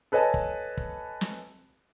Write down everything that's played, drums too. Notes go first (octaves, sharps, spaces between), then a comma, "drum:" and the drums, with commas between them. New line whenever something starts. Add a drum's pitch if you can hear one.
A4 B4 C#5 D#5 G#5 A5
drum: kick
drum: kick
drum: snare